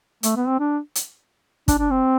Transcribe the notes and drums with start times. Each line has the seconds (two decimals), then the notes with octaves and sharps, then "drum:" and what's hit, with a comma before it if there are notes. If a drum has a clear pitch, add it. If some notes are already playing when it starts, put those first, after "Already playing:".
0.23 A3, drum: hi-hat
0.36 B3
0.48 C4
0.60 D4
0.95 drum: hi-hat
1.68 D4, drum: kick, hi-hat
1.79 D4
1.91 C4